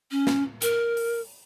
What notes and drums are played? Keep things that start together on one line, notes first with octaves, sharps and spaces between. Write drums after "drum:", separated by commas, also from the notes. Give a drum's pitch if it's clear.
C#4
drum: snare
A#4, drum: hi-hat
drum: open hi-hat